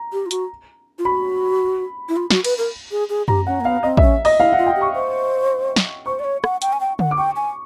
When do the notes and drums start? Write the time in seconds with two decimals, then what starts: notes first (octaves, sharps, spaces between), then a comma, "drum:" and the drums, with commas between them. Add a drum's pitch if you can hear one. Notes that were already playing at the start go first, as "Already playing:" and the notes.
Already playing: A#5
0.13 G4
0.26 F4
0.31 F#4, drum: hi-hat
0.99 F4
1.05 F#4 B5
2.09 E4
2.16 F4
2.30 F#4, drum: snare
2.44 B4, drum: cymbal
2.58 A#4
2.91 G#4
3.09 G#4
3.28 G4 A#5, drum: tom F#2
3.47 C#4 F#5
3.61 A#3
3.65 B3 F5
3.83 C4 D#5
3.97 E5, drum: kick
4.02 C#4
4.25 D#5, drum: open hi-hat
4.39 E4 F5
4.53 F#5
4.58 F4
4.66 G5
4.76 G4 C#6
4.95 C5
5.76 drum: snare
6.06 C5 C#6
6.20 D5
6.24 C#5
6.44 F#5, drum: rim click
6.62 G5, drum: hi-hat
6.73 G#5
6.80 G5
6.99 F#5, drum: tom D3
7.11 D6
7.17 G5 C#6
7.36 G#5